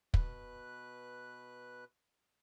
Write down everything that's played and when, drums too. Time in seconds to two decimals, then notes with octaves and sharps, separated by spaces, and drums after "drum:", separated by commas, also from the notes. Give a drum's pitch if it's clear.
0.14 B2 B4 F#6, drum: kick